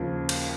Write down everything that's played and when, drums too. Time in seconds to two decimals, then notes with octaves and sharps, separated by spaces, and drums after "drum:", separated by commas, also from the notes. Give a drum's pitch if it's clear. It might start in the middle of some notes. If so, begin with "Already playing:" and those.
Already playing: D#2 C#3 F3
0.29 drum: cymbal